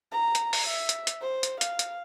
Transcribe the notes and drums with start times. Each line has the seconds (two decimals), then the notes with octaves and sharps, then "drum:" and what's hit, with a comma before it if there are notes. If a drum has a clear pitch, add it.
0.12 A#5
0.35 drum: hi-hat
0.53 drum: open hi-hat
0.65 E5
0.89 drum: hi-hat
1.07 drum: hi-hat
1.21 C5
1.43 drum: hi-hat
1.61 F5, drum: hi-hat
1.79 drum: hi-hat